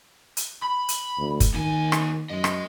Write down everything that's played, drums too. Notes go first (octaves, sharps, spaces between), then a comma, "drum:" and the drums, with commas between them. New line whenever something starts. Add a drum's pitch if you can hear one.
drum: hi-hat
B5
drum: hi-hat
D2
drum: kick, hi-hat
D#2 D#3 G#5
drum: rim click
F#2 G#3 D#5
drum: rim click